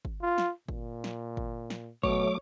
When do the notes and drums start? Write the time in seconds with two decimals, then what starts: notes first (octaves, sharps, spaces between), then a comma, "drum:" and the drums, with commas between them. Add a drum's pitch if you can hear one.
0.05 drum: kick G1
0.22 F4
0.38 drum: snare
0.69 A#2, drum: kick G1
1.04 drum: snare
1.37 drum: kick G1
1.70 drum: snare
2.03 B2 F#3 A3 C#5 D6, drum: kick G1